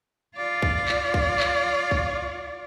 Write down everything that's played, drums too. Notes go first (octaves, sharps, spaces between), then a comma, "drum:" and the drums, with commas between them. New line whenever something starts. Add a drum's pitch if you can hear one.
F4 D5
drum: kick
drum: clap
drum: kick
drum: clap
drum: kick